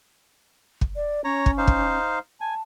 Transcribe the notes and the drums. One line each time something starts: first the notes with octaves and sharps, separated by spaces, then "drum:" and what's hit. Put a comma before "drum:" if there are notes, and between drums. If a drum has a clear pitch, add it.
drum: kick
D5
C#4 C#5 A#5
drum: kick
D#4 C5 F5
drum: kick
G#5 A5